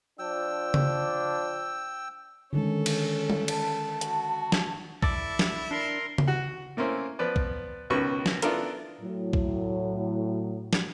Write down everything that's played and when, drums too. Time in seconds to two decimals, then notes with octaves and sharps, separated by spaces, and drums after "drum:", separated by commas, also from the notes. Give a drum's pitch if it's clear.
0.19 F3 D4 G5 E6
0.74 drum: tom C#3
2.53 D3 D#3 G#3 C#4 A4
2.86 drum: cymbal
3.30 drum: tom G3
3.48 A5, drum: cymbal
4.01 F#4, drum: hi-hat
4.52 drum: snare
5.02 E4 A4 D5, drum: kick B1
5.39 drum: snare
5.71 D4 A#4 C6
6.18 drum: tom C#3
6.28 F#4 F#5
6.77 A3 A#3 C4 C#4 E4
7.19 F3 B3 B4 D5
7.36 drum: kick B1
7.90 C#2 B2 D#3 B4 C#6
8.26 drum: snare
8.42 B3 D4 E4 F4 A4 A#4, drum: hi-hat
9.01 A2 F#3
9.33 drum: kick B1
10.73 drum: snare